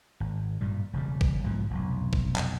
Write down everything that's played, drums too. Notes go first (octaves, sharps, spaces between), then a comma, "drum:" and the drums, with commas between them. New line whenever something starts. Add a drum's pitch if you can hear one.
G#1
G2 A#2 G3
E1 C#3 G3
drum: kick
B1 G#2 B2 F3
F1 B1
drum: kick
drum: clap